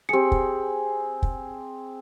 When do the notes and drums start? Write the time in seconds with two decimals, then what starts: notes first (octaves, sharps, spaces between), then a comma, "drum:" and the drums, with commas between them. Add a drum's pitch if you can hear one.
0.09 C4 G4 G#4 C#7
0.32 drum: kick
1.23 drum: kick